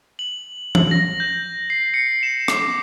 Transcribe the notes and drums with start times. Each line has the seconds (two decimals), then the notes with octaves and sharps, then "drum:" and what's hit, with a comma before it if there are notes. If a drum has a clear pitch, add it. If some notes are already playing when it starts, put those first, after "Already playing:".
0.19 F#7
0.75 F#7, drum: tom E3
0.91 A#6
1.20 G6
1.70 C7
1.94 C#7
2.23 E7
2.48 D6, drum: rim click